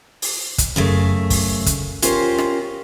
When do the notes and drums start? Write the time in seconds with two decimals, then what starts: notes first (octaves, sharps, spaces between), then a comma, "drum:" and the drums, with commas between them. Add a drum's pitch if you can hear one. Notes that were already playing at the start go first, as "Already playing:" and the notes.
0.22 drum: open hi-hat
0.58 drum: kick, hi-hat
0.76 F#2 C#3 A3
1.30 drum: kick, open hi-hat
1.66 drum: kick, hi-hat
2.02 C#4 F4 G4 A#4 C5, drum: hi-hat
2.38 drum: rim click